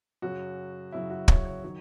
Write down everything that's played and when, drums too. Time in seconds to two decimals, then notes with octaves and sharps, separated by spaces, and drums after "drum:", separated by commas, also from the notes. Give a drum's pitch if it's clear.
0.22 F#2 C#3 F#3 F#4
0.92 F#2 C#3 F#3 E4
1.10 F#4
1.28 C#5, drum: kick
1.45 C#5
1.64 D#3 F#3